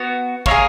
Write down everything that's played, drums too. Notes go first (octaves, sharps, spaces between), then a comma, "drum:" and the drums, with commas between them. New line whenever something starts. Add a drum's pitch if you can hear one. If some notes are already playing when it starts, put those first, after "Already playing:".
Already playing: B3 F#4
A#3 E4 A#4 C#5, drum: kick
G#4